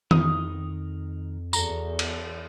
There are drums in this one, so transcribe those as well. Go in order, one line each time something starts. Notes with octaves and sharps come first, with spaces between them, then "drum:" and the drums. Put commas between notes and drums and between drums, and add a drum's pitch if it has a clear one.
F2 D#3 D#4 A#4 D#6, drum: tom D#3
E2 F#4 A4 A#5, drum: tambourine
drum: cymbal